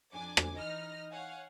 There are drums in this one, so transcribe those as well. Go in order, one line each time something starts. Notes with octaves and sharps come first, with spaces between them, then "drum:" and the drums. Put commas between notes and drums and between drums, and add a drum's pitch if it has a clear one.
F2 D4 G#5 D6
drum: rim click
E3 D#4 D#5 F6 A#6
C#5 F5 F#5 G#5